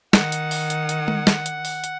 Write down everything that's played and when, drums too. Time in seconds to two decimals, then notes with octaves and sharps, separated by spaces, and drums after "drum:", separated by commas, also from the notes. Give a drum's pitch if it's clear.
0.13 D#3 F#5, drum: snare
0.32 drum: hi-hat
0.51 drum: open hi-hat
0.70 drum: hi-hat
0.89 drum: hi-hat
1.08 drum: tom G#3
1.27 drum: snare
1.46 drum: hi-hat
1.65 drum: open hi-hat
1.84 drum: hi-hat